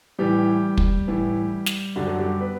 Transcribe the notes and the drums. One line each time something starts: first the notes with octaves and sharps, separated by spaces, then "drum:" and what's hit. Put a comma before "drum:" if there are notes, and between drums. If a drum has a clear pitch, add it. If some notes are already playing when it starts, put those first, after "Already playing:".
A2 E3 G3 G4
drum: kick
A2 E3
drum: snare
F#2 D3 F#3 G4
A4
G3 G4
B3 B4